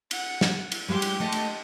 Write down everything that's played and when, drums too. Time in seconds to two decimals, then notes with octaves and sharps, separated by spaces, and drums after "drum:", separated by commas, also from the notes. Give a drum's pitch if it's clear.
0.11 F#5, drum: cymbal
0.41 drum: snare
0.72 drum: cymbal
0.88 G3 G#3 G4 C6
1.02 drum: cymbal
1.20 A3 A4 D#5
1.32 drum: cymbal